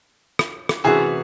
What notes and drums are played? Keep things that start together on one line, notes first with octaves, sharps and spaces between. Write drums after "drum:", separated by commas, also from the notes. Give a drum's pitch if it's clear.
drum: rim click
drum: rim click
C3 E3 A3 C#4 F#4 G#4